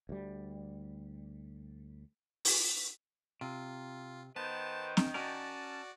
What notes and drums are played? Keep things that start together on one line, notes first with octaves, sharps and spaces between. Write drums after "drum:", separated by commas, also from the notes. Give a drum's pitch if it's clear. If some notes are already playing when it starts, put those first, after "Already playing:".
D2 G3
drum: open hi-hat
C3 F4
D#3 B3 B4 C5 A5
drum: snare
C#4 F#4 A#4 D5 A5